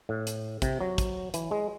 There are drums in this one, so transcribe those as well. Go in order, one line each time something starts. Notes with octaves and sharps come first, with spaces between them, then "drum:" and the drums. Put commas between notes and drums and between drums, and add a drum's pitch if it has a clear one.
A2
drum: hi-hat
C3, drum: kick, hi-hat
F#3
drum: kick, hi-hat
E3, drum: hi-hat
G#3